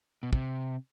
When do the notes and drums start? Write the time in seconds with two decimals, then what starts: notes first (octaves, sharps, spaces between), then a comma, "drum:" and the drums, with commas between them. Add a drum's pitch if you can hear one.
0.23 B2
0.33 C3, drum: kick